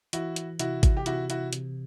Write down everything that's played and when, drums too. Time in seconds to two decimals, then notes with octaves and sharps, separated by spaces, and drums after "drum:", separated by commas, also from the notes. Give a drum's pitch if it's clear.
0.13 E3 E4 F#4, drum: hi-hat
0.36 drum: hi-hat
0.59 C3 E4 F#4, drum: hi-hat
0.83 drum: kick G#1, hi-hat
0.97 G4
1.06 C3 E4 F#4, drum: hi-hat
1.30 E4 F#4, drum: hi-hat
1.53 C3, drum: hi-hat